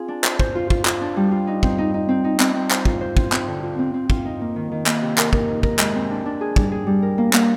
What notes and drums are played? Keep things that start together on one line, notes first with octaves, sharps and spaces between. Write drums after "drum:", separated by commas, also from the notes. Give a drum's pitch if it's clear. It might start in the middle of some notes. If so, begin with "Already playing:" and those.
Already playing: C4 F4 G#4
D4
C5, drum: clap
C5, drum: kick
F4
F4, drum: kick
F4, drum: clap
D4
G3
F4
D#4
C4, drum: kick
D#4
D#4
C4
D#4
C4, drum: clap
C4
C5, drum: clap
F4, drum: kick
C5
C4, drum: kick
C4, drum: clap
D3
F4
C4
C4
F4, drum: kick
D#4
A#3
D#3
D#3
A#3, drum: clap
C3
A#4, drum: clap
A#4, drum: kick
D#4
A#4, drum: kick
G#3, drum: clap
C4
D4
D4
G#4
G3, drum: kick
G#4
G3
A#4
A#3
A#3, drum: clap